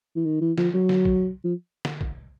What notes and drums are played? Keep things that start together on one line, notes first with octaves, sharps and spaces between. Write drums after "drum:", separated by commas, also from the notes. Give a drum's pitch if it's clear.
E3
D#3
E3
F3, drum: snare
F#3
drum: snare
drum: kick
F3
drum: snare
drum: kick